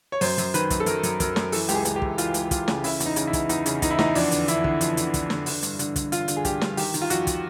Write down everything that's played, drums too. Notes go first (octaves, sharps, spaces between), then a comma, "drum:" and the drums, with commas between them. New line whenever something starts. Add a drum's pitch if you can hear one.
C#5
F#2 C5, drum: open hi-hat
F#2, drum: hi-hat
D#3 B4, drum: hi-hat
F#2, drum: kick, hi-hat
A4
F#2 A#4, drum: hi-hat
F#2, drum: hi-hat
F#2 A#4, drum: kick, hi-hat
F#2, drum: snare
E3 A4, drum: open hi-hat
C#2 G4, drum: hi-hat
G#4
C#2, drum: hi-hat
G4
E3, drum: kick
E3 F4, drum: hi-hat
C#2, drum: hi-hat
E3 F4, drum: kick, hi-hat
C#3, drum: snare
C#3 E4, drum: open hi-hat
E2, drum: hi-hat
D#4
C#3, drum: hi-hat
E4
C#3, drum: kick, hi-hat
E2 D#4, drum: hi-hat
C#3, drum: hi-hat
E2 D#4, drum: kick, hi-hat
E4
E2 D#4, drum: snare
F2 D4, drum: open hi-hat
D3, drum: hi-hat
D3 E4, drum: hi-hat
D3, drum: kick
F2, drum: hi-hat
D3, drum: hi-hat
D3, drum: kick, hi-hat
D3, drum: snare
D3, drum: open hi-hat
G2, drum: hi-hat
D3, drum: hi-hat
D3, drum: kick, hi-hat
D3 F4, drum: hi-hat
D3, drum: hi-hat
G#4
G2 G4, drum: kick, hi-hat
G2, drum: snare
D#3 G4, drum: open hi-hat
D#3, drum: hi-hat
F4
F2 F#4, drum: hi-hat
drum: kick, hi-hat